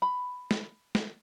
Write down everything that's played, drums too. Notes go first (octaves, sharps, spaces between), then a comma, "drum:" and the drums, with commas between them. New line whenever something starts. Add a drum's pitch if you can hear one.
B5
drum: snare
drum: snare